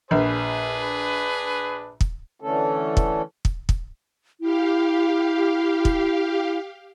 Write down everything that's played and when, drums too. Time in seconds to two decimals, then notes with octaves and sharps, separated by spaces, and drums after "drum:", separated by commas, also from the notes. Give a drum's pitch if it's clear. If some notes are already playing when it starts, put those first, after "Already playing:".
0.11 A#1 D4 G#4 B4
2.01 drum: kick
2.40 D3 E3 A3 C#4 A4
2.97 drum: kick
3.45 drum: kick
3.69 drum: kick
4.41 E4 G4 F5
5.85 drum: kick